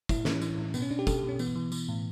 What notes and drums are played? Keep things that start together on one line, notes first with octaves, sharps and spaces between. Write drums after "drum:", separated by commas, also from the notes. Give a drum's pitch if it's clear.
A2 E4, drum: kick, tambourine
E3 C#4, drum: snare
E3, drum: tambourine
A2
B2 B3, drum: tambourine
C#4
B2 D4
G4
B2 A4, drum: kick, tambourine
B2 G4
C#4
E3 B3, drum: tambourine
E3
E3, drum: tambourine
A2